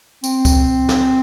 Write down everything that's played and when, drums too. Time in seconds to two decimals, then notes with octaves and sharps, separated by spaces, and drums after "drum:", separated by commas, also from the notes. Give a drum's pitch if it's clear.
0.24 C4, drum: tambourine
0.45 drum: kick C#2, tambourine
0.89 drum: snare